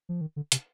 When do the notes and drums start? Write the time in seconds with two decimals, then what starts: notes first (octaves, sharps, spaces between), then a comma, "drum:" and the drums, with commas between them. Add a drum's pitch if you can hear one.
0.09 F3
0.21 D#3
0.36 D3
0.52 C3, drum: hi-hat